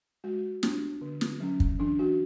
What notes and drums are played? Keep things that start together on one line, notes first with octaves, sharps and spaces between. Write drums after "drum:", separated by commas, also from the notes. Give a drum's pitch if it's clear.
G#3 F#4
B3 D4, drum: snare
D3
drum: snare
F#3 C#4
drum: kick
E3 D4
F#4